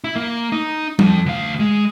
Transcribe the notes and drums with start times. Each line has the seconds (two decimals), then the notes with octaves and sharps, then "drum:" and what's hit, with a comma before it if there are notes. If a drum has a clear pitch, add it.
0.04 E4
0.16 A#3
0.52 D#4
0.99 F2 F3, drum: tom G3
1.26 D2 F5
1.59 G#3